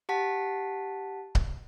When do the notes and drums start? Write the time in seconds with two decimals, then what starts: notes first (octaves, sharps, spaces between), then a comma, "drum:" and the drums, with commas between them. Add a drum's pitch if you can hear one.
0.09 G4 F#5 A5 B6
1.35 drum: kick C#1